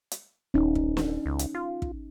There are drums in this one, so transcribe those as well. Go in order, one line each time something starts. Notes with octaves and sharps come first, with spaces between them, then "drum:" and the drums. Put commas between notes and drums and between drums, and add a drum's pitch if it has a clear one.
drum: hi-hat
D#1 C#4 D#4
drum: kick
drum: snare
C#2
drum: hi-hat
F4
drum: kick